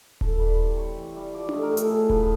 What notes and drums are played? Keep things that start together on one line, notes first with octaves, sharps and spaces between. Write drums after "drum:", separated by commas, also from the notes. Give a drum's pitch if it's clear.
E3 A4, drum: kick D#1
G3 B4
C3 C5
C3 C#5
E3
G3
F3 D5
A3 D#5, drum: tom D4
A#4
A2
A4, drum: hi-hat
A2 G#4
F3 B4, drum: kick D#1